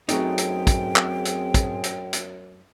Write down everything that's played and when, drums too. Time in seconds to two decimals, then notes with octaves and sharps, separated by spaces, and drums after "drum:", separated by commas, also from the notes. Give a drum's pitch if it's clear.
0.09 F#2 F#3 A3 C4 D#4 G#4 G5, drum: hi-hat
0.38 drum: hi-hat
0.67 drum: kick, hi-hat
0.96 drum: clap
1.25 drum: hi-hat
1.54 drum: kick, hi-hat
1.84 drum: hi-hat
2.13 drum: hi-hat